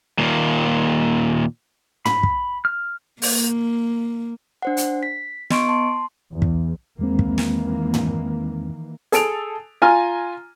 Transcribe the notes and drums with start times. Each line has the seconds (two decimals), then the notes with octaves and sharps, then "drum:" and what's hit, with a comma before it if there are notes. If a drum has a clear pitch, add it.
0.19 D#2 A#2
2.05 B5, drum: tom
2.23 drum: kick
2.65 F6
3.22 A#3, drum: open hi-hat
4.62 D4 C5 F#5
4.77 drum: hi-hat
5.03 B6
5.50 B3 D#5 C6 C#6 D7, drum: snare
5.69 A5 C6
6.31 E2
6.42 drum: kick
6.99 E2 D#3 E3 G#3 A#3 C4
7.19 drum: kick
7.38 drum: snare
7.94 drum: tom
9.12 G#4 A4 D7 F7, drum: hi-hat
9.82 F4 G#5 A#5 F6